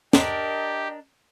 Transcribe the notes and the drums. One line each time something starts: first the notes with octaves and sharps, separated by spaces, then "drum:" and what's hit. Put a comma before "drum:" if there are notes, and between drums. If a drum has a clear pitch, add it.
D4 G4 A#4 D#5, drum: snare